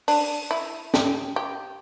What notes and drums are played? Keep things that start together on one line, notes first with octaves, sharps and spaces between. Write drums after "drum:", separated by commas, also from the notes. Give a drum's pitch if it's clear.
D4, drum: open hi-hat
E4
G4, drum: snare
G4